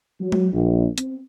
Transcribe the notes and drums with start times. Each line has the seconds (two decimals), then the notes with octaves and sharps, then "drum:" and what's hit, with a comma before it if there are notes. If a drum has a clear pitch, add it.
0.20 F#3
0.32 drum: tom G#3
0.52 A#1
0.98 C4, drum: hi-hat